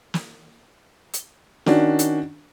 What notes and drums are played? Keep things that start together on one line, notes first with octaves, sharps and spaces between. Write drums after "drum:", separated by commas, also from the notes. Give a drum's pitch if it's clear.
drum: snare
drum: hi-hat
D#3 C#4 D4 F#4, drum: snare
drum: hi-hat